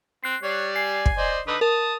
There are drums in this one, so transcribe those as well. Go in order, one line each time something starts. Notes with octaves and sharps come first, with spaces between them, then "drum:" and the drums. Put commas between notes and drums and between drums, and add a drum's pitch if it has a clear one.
C4 F#6 C7
G3 C#5 D5
G#5 C7
drum: kick
C5 D5 D#5
D3 D#4 B4 D#6
A#4 A5 D#6